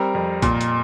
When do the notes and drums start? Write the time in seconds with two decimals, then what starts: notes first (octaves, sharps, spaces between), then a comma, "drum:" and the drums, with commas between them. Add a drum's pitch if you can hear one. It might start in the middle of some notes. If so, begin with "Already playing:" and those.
Already playing: G3 C4 A#4 A#5
0.15 F2
0.42 A#2, drum: kick A#1, hi-hat
0.61 drum: hi-hat